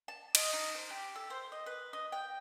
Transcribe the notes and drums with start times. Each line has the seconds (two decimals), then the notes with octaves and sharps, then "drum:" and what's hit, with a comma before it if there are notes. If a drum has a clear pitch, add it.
0.08 A5
0.35 D#5, drum: cymbal
0.53 D#4
0.75 C5
0.90 G4
1.16 A4
1.30 C5
1.52 D#5
1.66 B4
1.93 D#5
2.12 G5